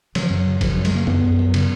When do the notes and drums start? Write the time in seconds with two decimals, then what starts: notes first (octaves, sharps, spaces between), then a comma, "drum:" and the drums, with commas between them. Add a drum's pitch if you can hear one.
0.15 C#3 F#3, drum: cymbal
0.23 F3
0.30 F#2 F#3
0.46 C#3
0.61 C#3 F3, drum: kick, cymbal
0.73 F#2 F#3
0.85 G#3, drum: cymbal
0.92 C#3 A#3
1.07 F#2 B3, drum: tom F2
1.23 F#2
1.38 F#2
1.54 C#3, drum: cymbal